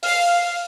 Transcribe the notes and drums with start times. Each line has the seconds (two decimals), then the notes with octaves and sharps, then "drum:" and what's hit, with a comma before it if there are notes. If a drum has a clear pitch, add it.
0.03 F5, drum: open hi-hat